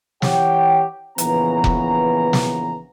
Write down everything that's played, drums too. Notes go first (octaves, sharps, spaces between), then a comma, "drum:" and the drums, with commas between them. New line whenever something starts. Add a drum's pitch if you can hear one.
E3 G4 C#5 F#5 G5, drum: snare
A#1 C#3 E3 B3 B4 A#5, drum: hi-hat
drum: kick F1
drum: snare